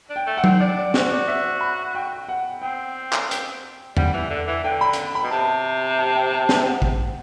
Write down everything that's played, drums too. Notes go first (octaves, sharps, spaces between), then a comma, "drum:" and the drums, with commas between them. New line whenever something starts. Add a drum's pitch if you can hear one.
D4
G5
A3
F#5
C4, drum: tom F#3
D4 D5
D5
F#4 C5, drum: snare
D5
E5
B5
G5
F#5
C4 G5
drum: clap
drum: hi-hat
G3 F#5, drum: tom E2
E3
D3
E3
D3 G5
B5
drum: hi-hat
B5
B2
C3 A5
A5
G5
A5
G5, drum: snare
F#5
drum: kick